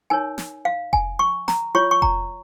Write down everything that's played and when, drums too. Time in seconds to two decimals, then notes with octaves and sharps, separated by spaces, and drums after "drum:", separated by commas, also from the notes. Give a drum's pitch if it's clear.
0.10 D#4 A#4 C#5 G#5
0.38 drum: snare
0.65 F5
0.93 G#5, drum: kick F1
1.19 C#6
1.48 A#5, drum: snare
1.75 F4 C#5 C#6
1.91 C#6
2.02 A#5, drum: kick F1